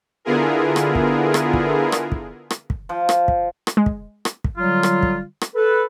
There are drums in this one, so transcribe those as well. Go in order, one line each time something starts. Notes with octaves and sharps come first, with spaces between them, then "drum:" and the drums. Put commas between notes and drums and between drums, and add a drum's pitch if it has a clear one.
D3 B3 E4 F4 G#4 A#4
drum: rim click
drum: kick
drum: rim click
drum: kick
drum: rim click
drum: kick
drum: rim click
drum: kick
F3
drum: rim click
drum: kick
drum: rim click
G#3
drum: kick
drum: rim click
drum: kick
D3 F#3 G3 F4
drum: rim click
drum: kick
drum: rim click
A4 B4